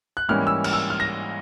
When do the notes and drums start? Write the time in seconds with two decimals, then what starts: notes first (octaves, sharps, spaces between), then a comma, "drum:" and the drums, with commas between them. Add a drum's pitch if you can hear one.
0.17 F#6
0.29 G#2 E3 G3 A#3 C#4 F6
0.47 E6
0.64 F6, drum: cymbal
0.73 E6
0.90 F6
1.00 A#6